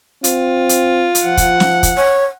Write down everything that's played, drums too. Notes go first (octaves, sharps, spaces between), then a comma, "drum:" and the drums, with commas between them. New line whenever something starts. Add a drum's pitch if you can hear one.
C4 F4, drum: hi-hat
drum: hi-hat
drum: hi-hat
F3 F#5
drum: kick, hi-hat
drum: snare
drum: kick, hi-hat
C#5